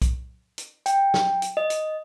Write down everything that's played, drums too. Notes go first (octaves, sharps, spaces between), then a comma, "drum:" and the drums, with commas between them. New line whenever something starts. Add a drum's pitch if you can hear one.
drum: kick, hi-hat
drum: hi-hat
G5, drum: hi-hat
drum: snare
drum: hi-hat
D#5
drum: hi-hat